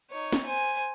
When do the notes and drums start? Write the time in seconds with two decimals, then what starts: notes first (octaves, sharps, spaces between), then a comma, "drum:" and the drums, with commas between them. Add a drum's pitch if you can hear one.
0.11 D#4 C#5
0.32 drum: snare
0.46 C5 G#5